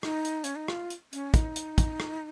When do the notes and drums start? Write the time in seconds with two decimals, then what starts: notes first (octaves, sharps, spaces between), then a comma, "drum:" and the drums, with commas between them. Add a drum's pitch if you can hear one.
0.03 D#4, drum: rim click
0.25 drum: hi-hat
0.44 C#4, drum: hi-hat
0.56 D#4
0.68 F4, drum: rim click
0.90 drum: hi-hat
1.13 C#4, drum: hi-hat
1.34 D#4, drum: kick, hi-hat
1.56 drum: hi-hat
1.78 drum: kick, hi-hat
2.00 drum: rim click